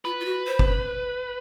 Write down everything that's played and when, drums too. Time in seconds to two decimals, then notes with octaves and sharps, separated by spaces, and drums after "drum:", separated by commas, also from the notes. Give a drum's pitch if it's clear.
0.05 F4 B4
0.20 F4
0.25 F#4
0.47 C5
0.59 drum: kick